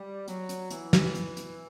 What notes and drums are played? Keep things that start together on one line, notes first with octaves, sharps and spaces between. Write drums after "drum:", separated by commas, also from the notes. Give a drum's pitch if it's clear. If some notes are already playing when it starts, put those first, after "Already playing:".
Already playing: G3
F#3, drum: hi-hat
drum: hi-hat
E3, drum: hi-hat
drum: snare
drum: hi-hat
drum: hi-hat